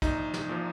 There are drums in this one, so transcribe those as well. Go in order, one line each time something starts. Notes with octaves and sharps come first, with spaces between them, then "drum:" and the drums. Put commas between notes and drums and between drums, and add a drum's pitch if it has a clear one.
A#1 D#4, drum: kick, hi-hat
drum: snare
A#2 F3